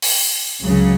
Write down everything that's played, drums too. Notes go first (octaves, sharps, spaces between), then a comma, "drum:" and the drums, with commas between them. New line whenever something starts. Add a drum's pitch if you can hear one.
drum: open hi-hat
C#2 C#3 F#3